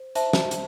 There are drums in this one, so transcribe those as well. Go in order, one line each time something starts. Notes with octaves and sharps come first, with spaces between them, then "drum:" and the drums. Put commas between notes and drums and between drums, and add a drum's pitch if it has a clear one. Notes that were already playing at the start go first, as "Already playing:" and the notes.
Already playing: C5
C5 E5 A5, drum: hi-hat
drum: snare
drum: hi-hat